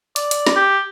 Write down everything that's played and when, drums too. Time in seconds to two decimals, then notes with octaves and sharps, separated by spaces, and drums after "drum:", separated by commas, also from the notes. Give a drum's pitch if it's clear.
0.16 D5, drum: hi-hat
0.31 drum: hi-hat
0.47 drum: snare
0.56 G4